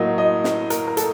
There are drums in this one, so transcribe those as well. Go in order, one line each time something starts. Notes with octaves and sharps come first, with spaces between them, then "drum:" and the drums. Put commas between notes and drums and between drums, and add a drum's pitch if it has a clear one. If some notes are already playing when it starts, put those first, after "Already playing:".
Already playing: A2 F#3 A#3 D#5
D#5
drum: snare
A#4, drum: hi-hat
A#4
A4, drum: hi-hat